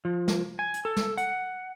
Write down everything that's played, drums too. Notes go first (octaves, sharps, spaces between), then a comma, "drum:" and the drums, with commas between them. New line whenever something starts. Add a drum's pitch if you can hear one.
F3
drum: snare
G#5
drum: hi-hat
A4
drum: snare
F#5, drum: hi-hat